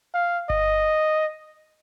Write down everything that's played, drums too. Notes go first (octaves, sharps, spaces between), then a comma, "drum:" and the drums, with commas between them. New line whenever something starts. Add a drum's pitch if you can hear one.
F5
D#5, drum: kick G1